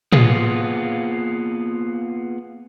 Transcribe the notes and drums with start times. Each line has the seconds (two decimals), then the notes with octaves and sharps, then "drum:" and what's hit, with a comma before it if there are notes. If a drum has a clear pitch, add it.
0.13 A#3 B3 F4 G#4, drum: tom